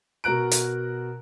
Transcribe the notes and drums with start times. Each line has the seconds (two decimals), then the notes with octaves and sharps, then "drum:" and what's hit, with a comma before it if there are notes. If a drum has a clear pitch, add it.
0.24 B2 F#4 A#4 A#5 F#6 D7
0.51 drum: hi-hat